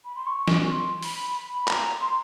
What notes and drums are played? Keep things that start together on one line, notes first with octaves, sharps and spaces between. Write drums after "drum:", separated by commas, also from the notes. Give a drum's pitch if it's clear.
B5
C6
C#6
drum: snare
C6
B5, drum: open hi-hat
B5
A#5, drum: clap
C6